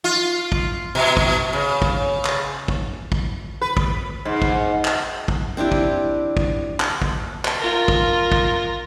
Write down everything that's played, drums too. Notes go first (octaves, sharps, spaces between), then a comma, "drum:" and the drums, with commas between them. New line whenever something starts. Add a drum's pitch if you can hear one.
F4
drum: kick
B2
drum: kick
C#3
drum: kick
drum: clap
drum: kick
drum: kick
B4
drum: kick
G#2
drum: kick
drum: clap
drum: kick
C4 D4 E4 G4
drum: kick
drum: kick
drum: clap
drum: kick
drum: clap
F4 A#4
drum: kick
drum: kick